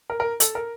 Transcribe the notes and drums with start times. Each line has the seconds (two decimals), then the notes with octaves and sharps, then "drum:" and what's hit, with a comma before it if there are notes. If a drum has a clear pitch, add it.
0.10 A#4
0.20 A#4
0.40 A4, drum: hi-hat
0.55 A#4